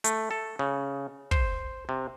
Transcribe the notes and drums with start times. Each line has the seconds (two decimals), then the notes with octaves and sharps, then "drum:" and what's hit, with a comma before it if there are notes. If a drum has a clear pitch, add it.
0.04 A3, drum: hi-hat
0.31 A4
0.59 C#3
1.31 C5, drum: kick
1.89 C3